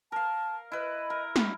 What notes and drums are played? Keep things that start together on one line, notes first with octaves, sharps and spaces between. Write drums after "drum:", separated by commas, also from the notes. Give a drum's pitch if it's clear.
A#4 F5 A5
E4 B4 D#5
A#4
drum: snare